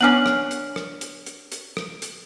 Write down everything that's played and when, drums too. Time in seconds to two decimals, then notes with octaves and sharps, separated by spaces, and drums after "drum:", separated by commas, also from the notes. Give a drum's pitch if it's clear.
0.01 B3 C#4 D4 F#5 F6 F#7
0.26 drum: rim click
0.51 drum: hi-hat
0.76 drum: rim click
1.01 drum: hi-hat
1.26 drum: hi-hat
1.52 drum: hi-hat
1.77 drum: rim click
2.02 drum: hi-hat